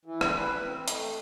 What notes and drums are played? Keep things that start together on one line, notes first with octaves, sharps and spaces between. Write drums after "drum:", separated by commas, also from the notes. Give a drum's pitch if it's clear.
E3
drum: rim click
B4
C4
A3, drum: hi-hat